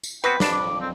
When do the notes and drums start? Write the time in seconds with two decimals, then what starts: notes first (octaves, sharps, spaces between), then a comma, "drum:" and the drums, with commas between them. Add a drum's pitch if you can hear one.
0.04 drum: tambourine
0.24 B3 C4 F#4 B4 G5
0.40 F2 D4 A5 D6, drum: snare
0.52 D6
0.81 C4